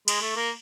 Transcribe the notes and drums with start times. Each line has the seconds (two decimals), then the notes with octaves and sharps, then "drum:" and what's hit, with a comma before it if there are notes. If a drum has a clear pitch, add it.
0.08 G#3, drum: cymbal
0.22 A3
0.36 A#3